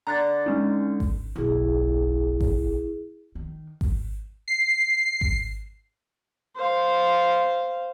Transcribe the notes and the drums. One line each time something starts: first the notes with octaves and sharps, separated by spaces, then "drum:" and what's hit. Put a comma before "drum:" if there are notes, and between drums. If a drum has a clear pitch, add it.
D3 A#5 F#6 A6
G#3 C#4 D#4
drum: kick G#1
F#1 B1 E4 G#4
drum: kick G#1
D#3
drum: kick G#1
C7
drum: kick G#1
C5 F5